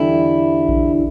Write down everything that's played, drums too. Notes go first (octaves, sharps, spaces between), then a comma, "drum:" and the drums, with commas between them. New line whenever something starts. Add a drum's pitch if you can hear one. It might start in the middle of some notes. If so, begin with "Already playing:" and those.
Already playing: E2 D3 G3 D4 E4
drum: kick A#1